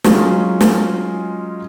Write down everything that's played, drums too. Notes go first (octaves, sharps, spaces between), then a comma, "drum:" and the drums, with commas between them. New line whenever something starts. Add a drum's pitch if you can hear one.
F#3 G#3 C#4 D#4 F4, drum: snare
drum: snare